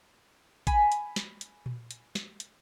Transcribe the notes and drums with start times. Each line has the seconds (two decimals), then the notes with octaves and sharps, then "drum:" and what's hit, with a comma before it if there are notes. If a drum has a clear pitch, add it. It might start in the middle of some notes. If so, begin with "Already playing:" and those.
0.67 G#5 B5, drum: kick A1, hi-hat
0.92 drum: hi-hat
1.16 drum: snare
1.41 drum: hi-hat
1.66 drum: tom A#2
1.91 drum: hi-hat
2.15 drum: snare
2.40 drum: hi-hat